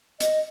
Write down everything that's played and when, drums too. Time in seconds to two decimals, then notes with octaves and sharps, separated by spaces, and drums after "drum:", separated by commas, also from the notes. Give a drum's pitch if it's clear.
0.20 D#5, drum: hi-hat